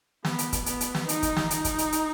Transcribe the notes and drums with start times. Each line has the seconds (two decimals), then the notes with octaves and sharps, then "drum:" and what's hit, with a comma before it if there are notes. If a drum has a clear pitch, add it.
0.25 B3, drum: snare
0.39 drum: hi-hat
0.53 drum: kick, hi-hat
0.66 B3, drum: hi-hat
0.81 drum: hi-hat
0.95 drum: snare
1.09 D#4, drum: hi-hat
1.23 drum: kick, hi-hat
1.36 drum: snare
1.51 D#4, drum: hi-hat
1.64 drum: kick, hi-hat
1.78 drum: hi-hat
1.92 drum: hi-hat